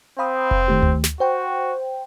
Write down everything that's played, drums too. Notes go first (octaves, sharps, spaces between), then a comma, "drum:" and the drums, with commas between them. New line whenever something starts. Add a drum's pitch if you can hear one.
C4 F5 B5 D#6
drum: kick F1
D#3 A3 G4
drum: tom D2
drum: snare
F#4 C5 G5